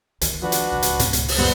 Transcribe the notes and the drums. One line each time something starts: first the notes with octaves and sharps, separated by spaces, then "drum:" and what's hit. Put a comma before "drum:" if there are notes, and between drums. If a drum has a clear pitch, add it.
D2 D#3 A3, drum: hi-hat
F3 D4 F#4 B4
drum: hi-hat
D1 C#2
drum: hi-hat
G#2 B2 C#4, drum: hi-hat
drum: hi-hat
drum: open hi-hat
F#2 A#2 C#3 G3 B3 B4 C5 F#5